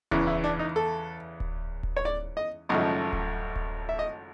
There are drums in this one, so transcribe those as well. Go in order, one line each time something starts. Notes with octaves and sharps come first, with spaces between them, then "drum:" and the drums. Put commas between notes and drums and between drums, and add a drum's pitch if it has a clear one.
E2 C#3 E3, drum: kick D1
E4
D4
D#4
A4
drum: kick D1
drum: kick D1
C#5
D5
D#5
G#1 F#2 C#3 F3 A3 D#5
drum: kick D1
drum: kick D1
E5
D#5